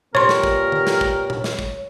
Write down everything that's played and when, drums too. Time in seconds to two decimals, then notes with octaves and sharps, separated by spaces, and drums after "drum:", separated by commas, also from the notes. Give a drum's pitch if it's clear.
0.15 A#2 B3 G4 A#4 C5 C#5 C6, drum: tom A#2
0.29 drum: snare
0.43 drum: kick
0.72 drum: tom D3
0.87 drum: snare
1.01 drum: kick
1.30 drum: tom A#2
1.44 drum: snare
1.59 drum: kick